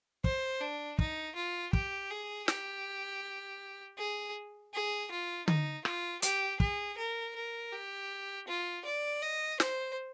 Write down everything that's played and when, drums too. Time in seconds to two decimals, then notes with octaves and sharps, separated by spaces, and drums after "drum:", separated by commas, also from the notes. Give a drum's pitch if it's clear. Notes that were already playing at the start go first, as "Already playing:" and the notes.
0.24 C5, drum: kick
0.61 D4
0.99 D#4, drum: kick
1.36 F4
1.73 G4, drum: kick
2.10 G#4
2.48 G4, drum: snare
3.98 G#4
4.73 G#4
5.11 F4
5.48 D#4, drum: tom D3
5.85 F4, drum: rim click
6.22 G4, drum: hi-hat
6.60 G#4, drum: kick
6.97 A#4
7.36 A#4
7.72 G4
8.48 F4
8.85 D5
9.22 D#5
9.60 C5, drum: snare